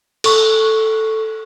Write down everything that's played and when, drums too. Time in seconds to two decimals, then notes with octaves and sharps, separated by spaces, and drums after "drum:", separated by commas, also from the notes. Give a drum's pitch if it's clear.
0.24 A4 C#6, drum: cymbal